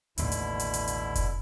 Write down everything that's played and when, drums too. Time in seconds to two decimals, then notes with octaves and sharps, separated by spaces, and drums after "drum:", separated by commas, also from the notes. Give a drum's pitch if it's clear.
0.18 A1 D#2 B2 D3 E4, drum: hi-hat
0.32 drum: hi-hat
0.60 drum: hi-hat
0.74 drum: hi-hat
0.87 drum: hi-hat
1.15 drum: kick F1, hi-hat